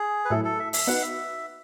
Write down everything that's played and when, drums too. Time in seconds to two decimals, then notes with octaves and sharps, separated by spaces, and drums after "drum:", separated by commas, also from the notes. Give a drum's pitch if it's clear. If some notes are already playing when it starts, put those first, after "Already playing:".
Already playing: G#4
0.25 B4
0.30 A2 F#3 A3 E4 A4
0.45 A4
0.59 E5
0.73 E5, drum: open hi-hat
0.87 B3 D#4 F#4 B4 F#5
1.02 E5